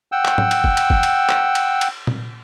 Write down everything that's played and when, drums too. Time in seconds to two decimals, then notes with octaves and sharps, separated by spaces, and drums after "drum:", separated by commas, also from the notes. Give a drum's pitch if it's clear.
0.12 F#5 G5 E6
0.25 drum: clap
0.38 drum: tom G#2
0.51 drum: cymbal
0.64 drum: kick
0.77 drum: cymbal
0.90 drum: kick
1.03 drum: cymbal
1.29 drum: clap
1.55 drum: cymbal
1.81 drum: cymbal
2.07 drum: tom A#2